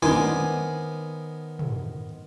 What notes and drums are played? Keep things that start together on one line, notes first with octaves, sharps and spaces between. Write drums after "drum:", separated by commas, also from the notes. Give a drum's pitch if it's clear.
D#3 B3 C5 D5 G#5 D6, drum: tom
drum: tom